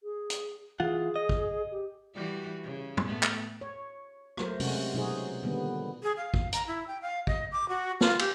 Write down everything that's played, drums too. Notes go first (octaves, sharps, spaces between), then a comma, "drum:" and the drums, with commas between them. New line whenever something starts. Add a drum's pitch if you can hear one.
G#4
drum: hi-hat
E3 F4 G#4 F#5
D#5
drum: kick
G4
E3 G3 F#4
C#3
drum: tom
A3 B3
drum: clap
C#5
F#3 A3 A#4 C5, drum: rim click
C3 G#3 A3 C#4 F#4, drum: open hi-hat
B2 F#3 D#4 F#4 G#4 C5
A#2 D3 D#3 G3 B3
G#4
F5
drum: kick
A#5, drum: hi-hat
E4
G5
F5
D#5, drum: kick
D6
F#4
F4, drum: snare
G4, drum: cymbal